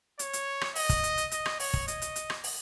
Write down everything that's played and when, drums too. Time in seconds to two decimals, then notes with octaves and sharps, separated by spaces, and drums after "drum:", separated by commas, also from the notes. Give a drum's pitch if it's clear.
0.19 C#5, drum: hi-hat
0.33 drum: hi-hat
0.61 drum: rim click
0.75 D#5, drum: open hi-hat
0.89 drum: kick, hi-hat
1.03 drum: hi-hat
1.17 drum: hi-hat
1.31 D#5, drum: hi-hat
1.45 drum: rim click
1.60 C#5, drum: open hi-hat
1.74 drum: kick
1.88 D#5, drum: hi-hat
2.02 drum: hi-hat
2.16 drum: hi-hat
2.30 drum: rim click
2.44 drum: open hi-hat